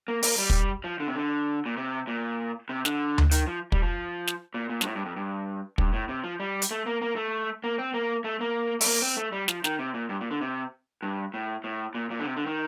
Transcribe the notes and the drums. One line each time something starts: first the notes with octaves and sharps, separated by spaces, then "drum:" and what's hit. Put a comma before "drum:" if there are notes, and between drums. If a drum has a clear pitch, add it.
A#3
A#3, drum: open hi-hat
G3
drum: kick
F3
D3
C3
D3
A#2
C3
A#2
C3
D3, drum: snare
drum: tom D2
D#3, drum: hi-hat
F3
G3, drum: kick
F3
drum: snare
A#2
A#2
G2, drum: snare
A2
G2
F2
G2
G2, drum: kick
A2
C3
F3
G3
drum: hi-hat
A3
A#3
A#3
A3
A#3
C4
A#3
A3
A#3
A3, drum: open hi-hat
A#3
C4
A3
G3
F3, drum: snare
D#3, drum: snare
C3
A#2
G2
A#2
D3
C3
G2
A2
A2
A#2
A#2
D3
C3
D3
D#3